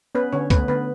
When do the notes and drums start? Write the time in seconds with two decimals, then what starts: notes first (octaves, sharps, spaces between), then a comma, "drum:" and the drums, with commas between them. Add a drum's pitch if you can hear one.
0.15 B3 C#4 B4
0.33 D3 C#4 C#5
0.50 A3 B3 B4, drum: kick, hi-hat
0.68 D3 B3 B4